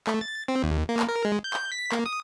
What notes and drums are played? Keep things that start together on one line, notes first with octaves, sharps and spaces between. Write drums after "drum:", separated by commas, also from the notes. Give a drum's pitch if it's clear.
A3, drum: clap
A6
C4
D#2
A#3
drum: clap
A#4
G#3
G6
drum: clap
B6
A#3, drum: clap
D#6